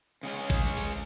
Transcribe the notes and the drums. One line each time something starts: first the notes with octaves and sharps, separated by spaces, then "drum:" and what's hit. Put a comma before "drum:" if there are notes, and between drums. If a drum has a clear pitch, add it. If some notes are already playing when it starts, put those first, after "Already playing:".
C#3 G#3 C#4
drum: kick G#1
drum: open hi-hat